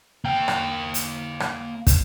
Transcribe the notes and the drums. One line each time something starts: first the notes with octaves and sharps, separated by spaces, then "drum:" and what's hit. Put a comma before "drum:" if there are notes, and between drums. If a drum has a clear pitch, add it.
A#3 G5
drum: rim click
drum: hi-hat
drum: rim click
drum: kick, hi-hat